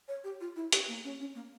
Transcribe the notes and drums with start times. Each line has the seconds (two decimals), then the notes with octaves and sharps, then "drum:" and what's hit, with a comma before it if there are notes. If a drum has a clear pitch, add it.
0.08 C#5
0.24 G4
0.41 F4
0.56 E4
0.72 G4, drum: hi-hat
0.88 A#3
1.04 C#4
1.20 C#4
1.35 A#3